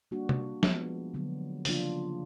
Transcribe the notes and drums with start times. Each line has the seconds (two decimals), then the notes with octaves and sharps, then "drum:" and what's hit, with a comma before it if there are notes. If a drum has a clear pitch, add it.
0.11 G3 A#3 D4 F#4
0.29 drum: tom
0.63 F3 G#3 B3, drum: snare
1.14 D3 F#3 B3
1.65 C#3 F3 A#3 D4 F4, drum: open hi-hat